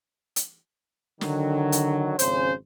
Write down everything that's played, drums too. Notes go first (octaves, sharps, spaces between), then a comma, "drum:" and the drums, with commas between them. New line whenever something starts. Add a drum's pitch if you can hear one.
drum: hi-hat
D3 D#3 F#3, drum: snare
drum: hi-hat
G#1 F2 C#3 C#4 C5, drum: hi-hat